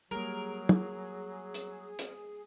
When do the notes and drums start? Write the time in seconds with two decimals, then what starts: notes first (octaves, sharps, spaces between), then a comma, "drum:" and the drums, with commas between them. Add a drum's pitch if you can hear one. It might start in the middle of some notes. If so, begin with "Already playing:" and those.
0.11 F#3 G3 A#3 G#4 A#4
0.69 drum: tom
1.54 drum: hi-hat
1.99 drum: hi-hat